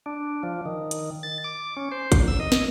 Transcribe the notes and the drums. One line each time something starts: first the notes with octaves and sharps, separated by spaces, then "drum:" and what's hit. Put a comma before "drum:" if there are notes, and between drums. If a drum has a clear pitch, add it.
D4
F3
D#3
drum: hi-hat
A6
D6
C#4
C5
drum: kick, hi-hat
E6
D#5
drum: snare